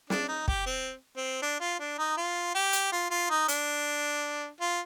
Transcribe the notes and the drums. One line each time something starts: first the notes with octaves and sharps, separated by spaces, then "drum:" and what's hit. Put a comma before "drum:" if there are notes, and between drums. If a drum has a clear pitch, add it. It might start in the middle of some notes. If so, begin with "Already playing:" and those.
D4, drum: snare
D#4
G4, drum: kick
C4
C4
D4
F4
D4
D#4
F4
G4
drum: hi-hat
F4
F4
D#4
D4, drum: hi-hat
F4